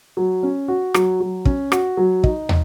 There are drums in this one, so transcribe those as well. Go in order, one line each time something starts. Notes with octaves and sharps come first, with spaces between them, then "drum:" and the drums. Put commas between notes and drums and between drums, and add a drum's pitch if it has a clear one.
F#3
C#4
F#4
F#3, drum: rim click
F#3
C#4, drum: kick
F#4, drum: rim click
F#3
D#4, drum: kick
drum: tom